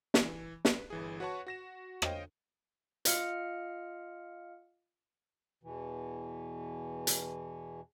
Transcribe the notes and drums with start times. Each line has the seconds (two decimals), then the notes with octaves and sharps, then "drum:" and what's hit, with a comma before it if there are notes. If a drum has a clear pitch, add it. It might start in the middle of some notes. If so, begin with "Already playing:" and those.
0.14 E3, drum: snare
0.65 B4, drum: snare
0.90 G1 E3 G#4
1.20 F#4 B4 C#5 F#5 A5 C#6
1.47 F#4 A#6 E7
2.02 C5 C#5 D#5 F5 G5, drum: rim click
3.05 F4 D#5 F5 F6 C#7, drum: hi-hat
5.63 E2 B2 E3
7.07 drum: hi-hat